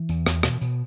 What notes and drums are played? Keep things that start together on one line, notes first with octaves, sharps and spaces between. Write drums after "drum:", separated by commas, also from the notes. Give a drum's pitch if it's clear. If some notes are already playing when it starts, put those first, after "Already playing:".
Already playing: E3
E2, drum: tambourine
E2, drum: rim click
B2, drum: rim click
B2, drum: tambourine